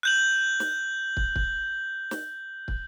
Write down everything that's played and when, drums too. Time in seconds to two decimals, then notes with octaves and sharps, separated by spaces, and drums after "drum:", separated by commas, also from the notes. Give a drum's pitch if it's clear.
0.03 F#6 G6 F#7
0.60 drum: snare
1.17 drum: kick
1.36 drum: kick
2.11 drum: snare
2.68 drum: kick